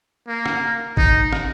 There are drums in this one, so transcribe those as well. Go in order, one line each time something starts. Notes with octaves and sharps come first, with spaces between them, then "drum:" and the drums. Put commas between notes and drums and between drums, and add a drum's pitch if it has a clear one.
A#3
drum: rim click
D#4, drum: kick
drum: rim click